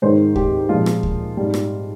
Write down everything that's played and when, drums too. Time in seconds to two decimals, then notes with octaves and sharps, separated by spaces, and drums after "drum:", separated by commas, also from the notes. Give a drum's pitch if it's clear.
0.02 G#2 D#3 G#3 C5
0.36 G4, drum: kick D2
0.69 A#2 F3 G#3 F4
0.86 drum: rim click
1.03 drum: kick D2
1.37 G#2 G3
1.54 drum: rim click